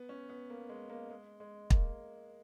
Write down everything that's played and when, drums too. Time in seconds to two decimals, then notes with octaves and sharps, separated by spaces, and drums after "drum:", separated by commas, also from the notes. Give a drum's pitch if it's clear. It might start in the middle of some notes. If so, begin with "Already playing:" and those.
Already playing: B3
0.09 C#4
0.29 B3
0.50 A#3
0.69 G#3
0.90 A#3
1.10 G#3
1.40 G#3
1.70 A#3, drum: kick